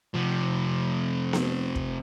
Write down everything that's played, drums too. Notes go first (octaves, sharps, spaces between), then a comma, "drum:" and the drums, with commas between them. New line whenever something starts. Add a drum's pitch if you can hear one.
C3 F3
drum: snare B3
drum: kick